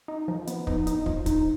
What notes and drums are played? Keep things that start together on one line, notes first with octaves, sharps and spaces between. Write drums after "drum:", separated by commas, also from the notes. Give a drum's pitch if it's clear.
D#4
F3
B3, drum: hi-hat
D#4, drum: kick
D#4, drum: hi-hat
F3, drum: kick
D#4, drum: kick, hi-hat